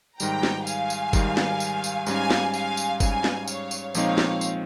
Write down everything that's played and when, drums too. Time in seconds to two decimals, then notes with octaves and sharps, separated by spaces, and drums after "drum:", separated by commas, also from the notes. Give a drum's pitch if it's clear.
0.20 G#2 D#3 G3 G5 A#5, drum: tambourine
0.43 drum: snare
0.67 F5 G#5, drum: tambourine
0.90 drum: tambourine
1.13 G#2 D#3 G3, drum: kick G1, tambourine
1.37 drum: snare
1.60 drum: tambourine
1.84 drum: tambourine
2.07 G#2 G3 C#4 F5 G#5, drum: tambourine
2.31 drum: snare
2.54 F5 G#5, drum: tambourine
2.77 drum: tambourine
3.00 G#2 G3 C#4 F5 G#5, drum: kick G1, tambourine
3.24 drum: snare
3.48 C#5 F5, drum: tambourine
3.71 drum: tambourine
3.94 A#2 F3 G#3 C4 D#4 C#5 F5, drum: tambourine
4.18 drum: snare
4.41 drum: tambourine